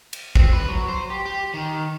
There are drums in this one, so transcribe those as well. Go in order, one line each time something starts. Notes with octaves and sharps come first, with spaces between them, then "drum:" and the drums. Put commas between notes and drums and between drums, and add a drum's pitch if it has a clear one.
drum: cymbal
C4, drum: kick
B4
F#3
C5
G4
G4
D#3